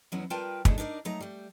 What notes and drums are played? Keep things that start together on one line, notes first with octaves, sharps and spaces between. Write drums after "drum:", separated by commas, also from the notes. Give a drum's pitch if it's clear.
E2 F#3 G#3 B3 C#4 E4
G3 F4 A#4 B4 G5 A5
A2 A3 D4 D#4 G#4, drum: kick
D4 D#4 A#4 C#5 D5
F#3 A3 D#4 A#5
G3 A3